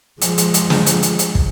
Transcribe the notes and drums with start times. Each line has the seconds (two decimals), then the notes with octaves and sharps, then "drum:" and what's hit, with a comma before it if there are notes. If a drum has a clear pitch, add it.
0.21 F3 G#3, drum: hi-hat
0.38 drum: hi-hat
0.54 drum: hi-hat
0.70 drum: snare
0.86 drum: hi-hat
1.03 drum: hi-hat
1.19 drum: hi-hat
1.35 drum: kick